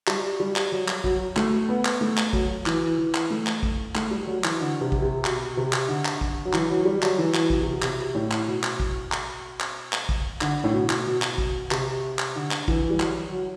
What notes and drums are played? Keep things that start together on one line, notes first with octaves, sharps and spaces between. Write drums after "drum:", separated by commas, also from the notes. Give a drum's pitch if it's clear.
G3, drum: clap
G3
drum: clap
F#3
drum: clap
F#3, drum: kick
A3, drum: clap
B3
drum: clap
A3
drum: clap
F#3, drum: kick
E3, drum: clap
E3
drum: clap
A3
drum: clap
drum: kick
A3, drum: clap
G3
F#3
E3, drum: clap
D3
C3
drum: kick
C3
B2, drum: clap
C3
drum: clap
D3
drum: clap
drum: kick
F#3
E3, drum: clap
F#3
G3
F#3, drum: clap
E3
drum: clap
B2, drum: kick
C3
B2
C3, drum: clap
A2
drum: clap
B2
drum: clap
drum: kick
drum: clap
drum: clap
drum: clap
drum: kick
D3, drum: clap
A2
B2
drum: clap
B2
drum: clap
drum: kick
C3, drum: clap
drum: clap
D3
drum: clap
E3, drum: kick
G3
F#3, drum: clap
F#3